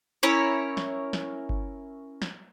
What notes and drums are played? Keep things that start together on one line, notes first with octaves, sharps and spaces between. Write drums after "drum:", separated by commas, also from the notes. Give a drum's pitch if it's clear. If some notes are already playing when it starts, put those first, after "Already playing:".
C#4 E4 A#4 C#5
drum: snare
drum: snare
drum: kick G1
drum: snare